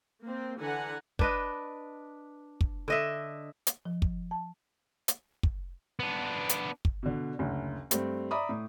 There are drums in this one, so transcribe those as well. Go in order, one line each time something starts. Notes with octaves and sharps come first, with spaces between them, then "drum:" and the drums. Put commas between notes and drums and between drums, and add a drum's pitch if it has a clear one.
A#3 C4
D3 E3 B4 F#5 G#5 A#5
D4 B4 D#5, drum: kick
drum: kick
D3 D#5 E5
drum: hi-hat
F3
drum: kick
A5
drum: hi-hat
drum: kick
B3 D4
drum: hi-hat
drum: kick
B2 D3
F#1 D2
G2 A3 C4, drum: hi-hat
D5 E5 A#5 B5 D6 D#6
A2